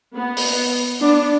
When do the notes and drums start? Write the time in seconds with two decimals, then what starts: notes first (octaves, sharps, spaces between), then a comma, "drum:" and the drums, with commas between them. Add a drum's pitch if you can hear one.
0.16 B3
0.37 drum: open hi-hat
1.00 B3 D4